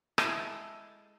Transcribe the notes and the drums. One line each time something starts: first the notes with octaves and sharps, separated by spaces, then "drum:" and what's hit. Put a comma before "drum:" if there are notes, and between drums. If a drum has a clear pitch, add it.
G#3 E4 A4, drum: rim click